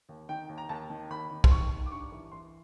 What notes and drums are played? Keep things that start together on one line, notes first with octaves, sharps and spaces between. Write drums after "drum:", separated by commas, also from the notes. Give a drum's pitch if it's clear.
D#2
D#3 G5
D#2
A#5
D#2 A5
D#3
D#2 B5
D#3
C6, drum: kick
D#3 C#6
D#3
D6
G2 C#6
E3
E3 C6